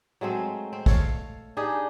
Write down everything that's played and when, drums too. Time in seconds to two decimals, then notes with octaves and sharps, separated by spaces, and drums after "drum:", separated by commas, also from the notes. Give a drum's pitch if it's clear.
0.21 F#3 G#3 A3 C4
0.73 C4
0.86 A4 C#5 F5, drum: kick
1.57 D4 D#4 G4 G#4